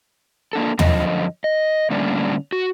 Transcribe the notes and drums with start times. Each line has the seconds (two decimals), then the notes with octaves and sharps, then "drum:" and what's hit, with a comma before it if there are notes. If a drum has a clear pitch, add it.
0.53 A#3 D4 A4
0.79 F#2 D3 F3 D#5, drum: tom
1.44 D#5
1.90 A2 D3 G3 A#3 C#4 D4
2.52 F#4